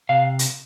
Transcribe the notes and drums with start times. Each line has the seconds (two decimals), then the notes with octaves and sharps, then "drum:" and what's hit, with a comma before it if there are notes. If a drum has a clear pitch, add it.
0.09 C3 F5
0.39 drum: hi-hat